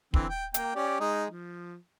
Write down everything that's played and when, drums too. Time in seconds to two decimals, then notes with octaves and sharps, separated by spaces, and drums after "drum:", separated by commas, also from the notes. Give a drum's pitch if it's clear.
0.14 D3 E3 C4, drum: kick
0.30 G5
0.54 A#3 G5, drum: hi-hat
0.75 C#4 G4 D5
1.00 G#3 D#4
1.30 F3